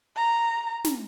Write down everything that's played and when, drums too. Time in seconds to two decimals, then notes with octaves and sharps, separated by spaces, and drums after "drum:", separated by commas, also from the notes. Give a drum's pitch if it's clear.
0.16 A#5
0.84 drum: snare